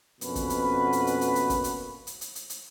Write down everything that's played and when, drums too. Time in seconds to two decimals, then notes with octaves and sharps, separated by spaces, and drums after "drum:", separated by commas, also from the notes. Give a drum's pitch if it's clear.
0.21 F2 B2 A#3 C#4 B4, drum: hi-hat
0.35 drum: kick, hi-hat
0.50 drum: hi-hat
0.93 drum: hi-hat
1.07 drum: hi-hat
1.21 drum: hi-hat
1.35 drum: hi-hat
1.50 drum: kick, hi-hat
1.64 drum: hi-hat
2.07 drum: hi-hat
2.21 drum: hi-hat
2.35 drum: hi-hat
2.50 drum: hi-hat